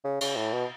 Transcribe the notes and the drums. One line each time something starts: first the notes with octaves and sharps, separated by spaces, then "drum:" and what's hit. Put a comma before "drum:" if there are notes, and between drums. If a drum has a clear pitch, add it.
C#3
C#3, drum: cymbal
A2
B2